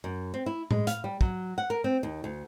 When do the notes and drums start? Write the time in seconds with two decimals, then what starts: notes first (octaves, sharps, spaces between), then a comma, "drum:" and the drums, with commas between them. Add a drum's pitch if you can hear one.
0.04 F#2
0.34 C4
0.46 E4
0.71 G#3, drum: tom A2
0.87 F5, drum: hi-hat
1.04 G3
1.21 F#3, drum: kick
1.58 F#5
1.70 A#4
1.84 C4
2.03 D#2
2.24 D2